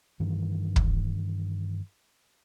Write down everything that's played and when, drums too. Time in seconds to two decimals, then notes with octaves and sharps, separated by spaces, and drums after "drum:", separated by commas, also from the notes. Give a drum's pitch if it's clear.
0.20 G2 D#3 E3 D4
0.76 drum: kick